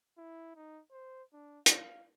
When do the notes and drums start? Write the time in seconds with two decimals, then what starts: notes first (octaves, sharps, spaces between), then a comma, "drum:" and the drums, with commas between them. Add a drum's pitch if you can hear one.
0.17 E4
0.56 D#4
0.91 C5
1.33 D4
1.66 F5, drum: hi-hat